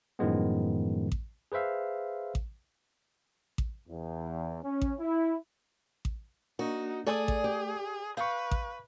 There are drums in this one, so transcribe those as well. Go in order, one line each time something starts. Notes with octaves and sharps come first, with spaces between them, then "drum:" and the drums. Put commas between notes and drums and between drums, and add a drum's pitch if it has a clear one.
F#2 A2 D#3 F3 G#3 B3
drum: kick A1
G#4 B4 C5 E5 F5
drum: kick A1
drum: kick A1
E2
C#4
drum: kick A1
E4
drum: kick A1
A#3 D4 D#4 F#4
A3 G#4 A4 D5 G#5
drum: kick A1
G4
B4 F5 C#6 G6
drum: kick A1